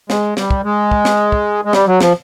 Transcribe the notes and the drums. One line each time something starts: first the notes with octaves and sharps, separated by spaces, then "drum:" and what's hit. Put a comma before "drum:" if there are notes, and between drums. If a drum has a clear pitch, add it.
G#3, drum: snare
G3, drum: snare
drum: kick
G#3
drum: kick
drum: snare
drum: kick
G#3
G3, drum: snare
F#3
F3, drum: snare